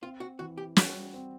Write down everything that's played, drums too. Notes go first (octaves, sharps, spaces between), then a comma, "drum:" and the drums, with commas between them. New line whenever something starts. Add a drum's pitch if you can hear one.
C4 F4
F#4
E3 F#4
G4
G3 F#4, drum: snare
C4